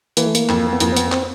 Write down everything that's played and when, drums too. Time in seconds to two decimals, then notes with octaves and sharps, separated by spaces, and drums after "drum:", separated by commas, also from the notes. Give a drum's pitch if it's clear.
0.17 E3 A#3, drum: hi-hat
0.26 A3
0.35 A#3, drum: hi-hat
0.49 F2, drum: clap
0.73 B3
0.80 F2 A#3, drum: hi-hat
0.92 C4
0.97 B3, drum: hi-hat
1.12 C4, drum: clap